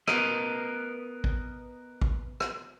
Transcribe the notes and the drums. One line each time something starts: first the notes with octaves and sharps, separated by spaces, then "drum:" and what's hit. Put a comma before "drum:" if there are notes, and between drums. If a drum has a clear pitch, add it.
B3 A#4 D#5, drum: rim click
drum: kick A1
drum: kick A1
drum: rim click